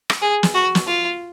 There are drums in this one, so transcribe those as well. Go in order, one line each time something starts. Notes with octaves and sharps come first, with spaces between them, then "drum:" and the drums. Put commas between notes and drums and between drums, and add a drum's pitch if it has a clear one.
drum: rim click
G#4
drum: snare
F#4
drum: snare
F4